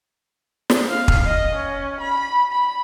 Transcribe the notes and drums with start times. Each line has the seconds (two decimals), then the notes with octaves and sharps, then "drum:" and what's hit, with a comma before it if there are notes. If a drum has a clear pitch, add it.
0.70 drum: snare
0.89 F5
1.08 drum: kick
1.26 D#5
1.55 C#4
2.00 B5
2.50 B5